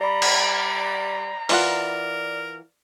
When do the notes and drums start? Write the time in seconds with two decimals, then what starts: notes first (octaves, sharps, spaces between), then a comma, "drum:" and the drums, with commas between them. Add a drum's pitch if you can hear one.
0.01 G3 D5 A#5 B5
0.22 drum: cymbal
1.49 E3 F4 A#4 D5 F#5, drum: open hi-hat